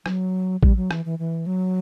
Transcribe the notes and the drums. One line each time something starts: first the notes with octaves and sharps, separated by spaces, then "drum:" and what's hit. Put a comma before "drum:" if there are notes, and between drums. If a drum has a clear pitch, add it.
F#3, drum: rim click
G3, drum: kick A1
F#3
E3, drum: rim click
E3
E3
F#3